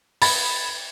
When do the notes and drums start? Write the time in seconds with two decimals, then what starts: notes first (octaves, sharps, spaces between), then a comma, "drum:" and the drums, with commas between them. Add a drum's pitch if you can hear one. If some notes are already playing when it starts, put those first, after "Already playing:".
0.22 B5 G#6 A6, drum: open hi-hat